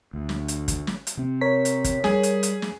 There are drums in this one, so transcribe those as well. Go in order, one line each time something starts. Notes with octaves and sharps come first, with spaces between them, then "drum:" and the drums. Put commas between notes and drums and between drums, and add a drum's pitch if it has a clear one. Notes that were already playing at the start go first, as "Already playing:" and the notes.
D2
drum: snare
drum: hi-hat
drum: kick, hi-hat
drum: snare
drum: hi-hat
C3 C4
A#4 C#5 B6
drum: hi-hat
drum: kick, hi-hat
G3 G#4, drum: snare
drum: hi-hat
drum: hi-hat
drum: snare